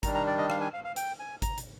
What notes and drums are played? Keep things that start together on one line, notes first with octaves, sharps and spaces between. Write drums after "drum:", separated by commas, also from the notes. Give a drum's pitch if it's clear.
D#3 G3 D4 A#5, drum: kick G#1, hi-hat
A#5
D5
D#5
F5, drum: rim click
G#5
F5
F5
G5, drum: hi-hat
G#5
A#5, drum: kick G#1, hi-hat
drum: hi-hat